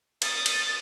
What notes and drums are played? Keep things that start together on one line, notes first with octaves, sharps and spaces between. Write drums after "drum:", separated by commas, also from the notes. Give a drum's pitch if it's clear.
D#6 A6, drum: cymbal
drum: cymbal